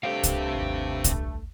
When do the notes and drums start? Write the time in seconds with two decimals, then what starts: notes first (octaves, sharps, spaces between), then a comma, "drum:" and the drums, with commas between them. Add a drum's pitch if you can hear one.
0.03 G2 C3 A3 G4 C5 F5 G5
0.24 drum: kick C2, hi-hat
0.55 G#1 D#2
1.04 drum: kick C2, hi-hat